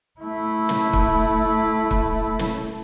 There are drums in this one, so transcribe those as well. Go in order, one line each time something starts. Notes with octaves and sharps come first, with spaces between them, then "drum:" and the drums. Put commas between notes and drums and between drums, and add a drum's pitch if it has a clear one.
A3 E4
drum: snare
drum: kick
drum: kick
drum: snare